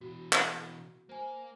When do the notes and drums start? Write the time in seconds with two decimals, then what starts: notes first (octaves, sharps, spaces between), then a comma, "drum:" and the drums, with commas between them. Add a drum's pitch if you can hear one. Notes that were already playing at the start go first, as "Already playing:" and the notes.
0.01 B2 E3 F#4
0.33 drum: clap
1.09 A#3 C5 G#5